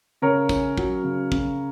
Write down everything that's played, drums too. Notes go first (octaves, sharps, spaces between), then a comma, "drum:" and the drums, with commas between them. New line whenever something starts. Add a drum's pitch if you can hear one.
C#3 A#4 C#5
C#4, drum: kick, tambourine
F#3, drum: kick
C#3
C#3, drum: kick